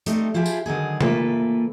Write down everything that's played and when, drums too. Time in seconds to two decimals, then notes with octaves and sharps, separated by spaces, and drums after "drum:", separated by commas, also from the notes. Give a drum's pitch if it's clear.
0.06 G3 A3 C4 D#4 A4, drum: hi-hat
0.34 F3 E4 F4 G4 G#4
0.46 drum: tambourine
0.66 D3 D#3 F#3 G#4
1.01 E3 A#3 F4 A4 B4, drum: tom C3